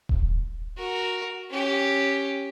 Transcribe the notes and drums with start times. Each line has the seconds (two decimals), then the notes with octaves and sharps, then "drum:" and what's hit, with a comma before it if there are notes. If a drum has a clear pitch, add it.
0.09 drum: kick D#1
0.77 F#4 A#4
1.50 C#4 G4